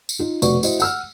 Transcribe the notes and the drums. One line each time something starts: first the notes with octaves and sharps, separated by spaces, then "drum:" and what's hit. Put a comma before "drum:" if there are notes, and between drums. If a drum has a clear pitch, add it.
drum: tambourine
D#4 F4
F1 B2 B4 D5 C#6, drum: tambourine
E4 F#4 C5 D#5, drum: tambourine
F#5 E6 F6, drum: tambourine